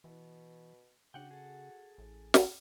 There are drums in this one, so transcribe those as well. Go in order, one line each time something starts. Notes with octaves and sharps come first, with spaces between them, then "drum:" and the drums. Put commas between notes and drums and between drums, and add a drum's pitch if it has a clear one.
B2 E3
C#3 D4 F#4 F#5 G5
G#4 A4
A1
drum: snare